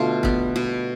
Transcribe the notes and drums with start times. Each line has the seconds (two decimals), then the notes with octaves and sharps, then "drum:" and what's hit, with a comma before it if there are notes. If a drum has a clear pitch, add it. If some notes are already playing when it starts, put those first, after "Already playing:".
Already playing: B2 D3 A3 F4
0.23 G3 B3, drum: kick
0.56 B2